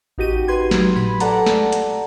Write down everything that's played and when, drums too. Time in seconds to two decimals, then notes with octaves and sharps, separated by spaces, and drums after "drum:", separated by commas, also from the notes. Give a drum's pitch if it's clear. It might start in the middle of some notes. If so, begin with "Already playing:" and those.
0.18 A1 D#4 F#4 G4 D#7
0.48 B4 C6 G#6
0.71 F#3, drum: snare
0.96 B5, drum: tom A2
1.20 A4 D5 F#5 A5 A#5, drum: hi-hat
1.46 drum: snare
1.72 drum: hi-hat